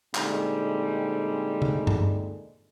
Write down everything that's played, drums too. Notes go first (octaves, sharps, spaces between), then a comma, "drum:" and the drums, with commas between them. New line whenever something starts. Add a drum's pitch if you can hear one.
A#2 D3 G3 G#3 C4 D#4, drum: clap
drum: tom C#3
drum: tom G2